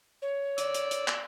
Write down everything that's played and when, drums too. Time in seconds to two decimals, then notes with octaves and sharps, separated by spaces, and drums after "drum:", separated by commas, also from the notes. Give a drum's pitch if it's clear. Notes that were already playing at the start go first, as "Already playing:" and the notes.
0.22 C#5
0.58 D5 D6 E6, drum: hi-hat
0.74 drum: hi-hat
0.91 drum: hi-hat
1.08 drum: clap